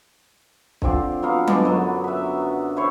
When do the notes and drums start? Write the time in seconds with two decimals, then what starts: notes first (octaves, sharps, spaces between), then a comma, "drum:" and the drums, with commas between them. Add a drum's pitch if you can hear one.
0.82 D3 F3 C4 D5, drum: kick B1
1.22 F#3 B3 F5
1.47 G#3 B3 D4 D5, drum: tom F#3
1.64 F#2 D3 F#3
2.04 B4 E5
2.77 E4 C5 C#5